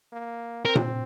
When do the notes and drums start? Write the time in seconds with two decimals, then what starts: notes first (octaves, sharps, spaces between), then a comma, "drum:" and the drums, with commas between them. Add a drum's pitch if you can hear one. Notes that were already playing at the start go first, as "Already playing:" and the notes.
0.13 A#3
0.65 C4 A#4
0.75 drum: tom A#2